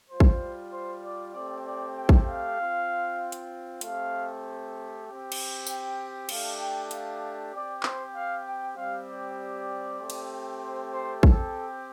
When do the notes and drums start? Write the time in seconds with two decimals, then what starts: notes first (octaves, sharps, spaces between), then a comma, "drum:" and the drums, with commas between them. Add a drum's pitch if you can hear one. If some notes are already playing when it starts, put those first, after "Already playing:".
0.10 G3 F4 C5
0.20 drum: kick
0.72 C5
1.04 D5
1.34 A3 C4 G4 D5
1.65 D5
1.96 G5
2.09 drum: kick
2.27 F5
2.59 C4 F4
3.32 drum: hi-hat
3.81 A3 C4 G4 F5, drum: hi-hat
5.05 C4 G4
5.32 drum: cymbal
5.66 G5, drum: tambourine
6.29 A3 D4 G4 F5, drum: cymbal
6.60 G5
6.91 F5, drum: hi-hat
7.52 C4 G4 D5
7.83 C5, drum: clap
8.15 F5
8.46 G5
8.76 G3 C4 G4 F5
9.08 D5
9.38 D5
10.00 A3 C4 G4
10.10 drum: cymbal
10.61 C5
10.92 C5
11.23 C4 G4 A4, drum: kick